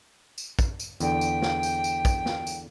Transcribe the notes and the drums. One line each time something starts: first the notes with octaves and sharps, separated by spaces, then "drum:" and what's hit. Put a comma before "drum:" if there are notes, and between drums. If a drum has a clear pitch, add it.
drum: tambourine
drum: kick, tambourine
drum: tambourine
E2 D3 G5, drum: tambourine
drum: tambourine
drum: snare
drum: tambourine
drum: tambourine
drum: kick, tambourine
drum: snare
drum: tambourine